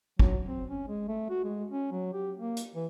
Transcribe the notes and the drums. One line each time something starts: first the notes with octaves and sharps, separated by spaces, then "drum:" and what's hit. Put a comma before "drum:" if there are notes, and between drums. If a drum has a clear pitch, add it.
F#3, drum: kick
C4
C#4
G#3
A3
F#4
G#3
C#4
F#3
G4
A#3
drum: hi-hat
E3